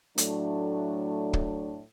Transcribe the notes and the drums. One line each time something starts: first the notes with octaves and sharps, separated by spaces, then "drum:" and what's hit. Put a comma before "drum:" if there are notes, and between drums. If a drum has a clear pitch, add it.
A2 F#3 A3 D4, drum: hi-hat
drum: kick